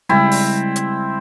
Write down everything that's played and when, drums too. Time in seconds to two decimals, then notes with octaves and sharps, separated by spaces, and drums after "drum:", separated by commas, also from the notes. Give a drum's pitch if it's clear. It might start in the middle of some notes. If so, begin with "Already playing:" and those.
0.09 C#3 G3 G#3 C4 E4
0.31 drum: open hi-hat
0.76 drum: hi-hat